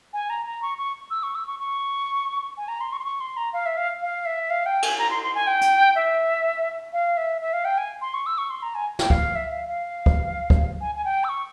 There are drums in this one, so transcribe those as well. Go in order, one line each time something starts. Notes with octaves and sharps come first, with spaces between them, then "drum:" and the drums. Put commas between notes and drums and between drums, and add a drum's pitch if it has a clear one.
G#5
A#5
A#5
C#6
C#6
E6
C#6
E6
C#6
C#6
G#5
A#5
C6
C#6
C6
C#6
C6
A#5
F5
E5
F5
F5
E5
F5
G5
G#5, drum: cymbal
A#5
C6
C6
G#5
G5
drum: hi-hat
E5
F5
E5
E5
F5
G5
G#5
C6
C#6
E6
C#6
C6
A#5
G#5
G5, drum: snare
F5, drum: kick C#2
E5
F5
F5
drum: kick C#2
drum: kick C#2
G#5
G#5
G5
E6
C#6